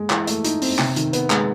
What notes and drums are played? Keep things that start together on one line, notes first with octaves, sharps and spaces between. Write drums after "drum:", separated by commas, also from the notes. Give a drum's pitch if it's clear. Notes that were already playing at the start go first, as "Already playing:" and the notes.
Already playing: G#3
E3, drum: clap
A3, drum: hi-hat
D#4, drum: hi-hat
C4, drum: open hi-hat
C3, drum: clap
D#3, drum: hi-hat
B3, drum: hi-hat
G#3, drum: clap